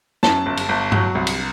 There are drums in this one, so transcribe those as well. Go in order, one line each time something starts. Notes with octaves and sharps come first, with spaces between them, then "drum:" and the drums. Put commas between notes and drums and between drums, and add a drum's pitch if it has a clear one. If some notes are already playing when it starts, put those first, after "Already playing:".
F#2 A5, drum: snare
G1
drum: cymbal
G1
F#3, drum: tom G2
C2
drum: cymbal